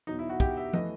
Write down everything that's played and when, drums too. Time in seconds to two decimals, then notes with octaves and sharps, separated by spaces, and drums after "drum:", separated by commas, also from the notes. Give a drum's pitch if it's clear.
0.07 E2 B2 F#3 D#4
0.19 E4
0.30 F#4
0.40 G4, drum: kick
0.57 E5
0.73 E3 A3 D#5, drum: tom